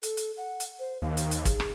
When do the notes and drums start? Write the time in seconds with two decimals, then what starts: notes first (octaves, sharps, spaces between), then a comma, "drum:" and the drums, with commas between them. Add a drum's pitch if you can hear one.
0.03 A4, drum: hi-hat
0.17 drum: hi-hat
0.37 F#5
0.60 drum: hi-hat
0.79 C5
1.02 D#2 F5
1.17 drum: hi-hat
1.31 drum: hi-hat
1.45 G#4, drum: kick G#1, hi-hat
1.60 drum: rim click